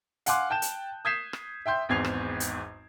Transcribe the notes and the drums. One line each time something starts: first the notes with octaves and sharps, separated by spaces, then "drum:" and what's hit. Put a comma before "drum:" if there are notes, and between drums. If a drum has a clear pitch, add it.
F5 F#5 G#5 C6 D6 F#6, drum: hi-hat
G5 A5 G6 E7
drum: hi-hat
D#6 G6 G#6 B6 C7 E7
drum: rim click
E5 G5 C6 G6
G#1 E2 G#2 G#6 C7 F7
drum: rim click
drum: hi-hat